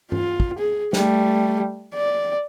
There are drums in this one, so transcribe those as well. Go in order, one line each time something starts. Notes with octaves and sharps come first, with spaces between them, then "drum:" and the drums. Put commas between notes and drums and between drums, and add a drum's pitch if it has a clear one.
F4, drum: tom G2
drum: kick
G#4
G3 A3, drum: snare
D5